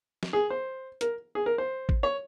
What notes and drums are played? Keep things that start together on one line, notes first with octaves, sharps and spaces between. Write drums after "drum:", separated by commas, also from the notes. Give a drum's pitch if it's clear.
drum: snare
G#4
C5
A#4, drum: hi-hat
G#4
A#4
C5
drum: kick
C#5